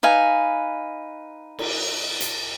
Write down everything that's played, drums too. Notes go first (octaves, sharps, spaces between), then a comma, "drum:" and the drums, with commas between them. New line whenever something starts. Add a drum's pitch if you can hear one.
D#4 B4 F5 G#5
drum: cymbal
drum: hi-hat